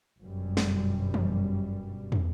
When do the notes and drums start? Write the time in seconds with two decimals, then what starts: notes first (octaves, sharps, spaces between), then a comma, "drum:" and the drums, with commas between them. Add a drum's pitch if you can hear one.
0.23 G1 F#2 B2 G3
0.57 drum: snare
1.14 drum: tom E3
2.12 drum: tom